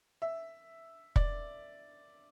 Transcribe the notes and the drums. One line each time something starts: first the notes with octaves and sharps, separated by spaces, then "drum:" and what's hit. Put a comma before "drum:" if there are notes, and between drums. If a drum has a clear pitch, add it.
E5
D5, drum: kick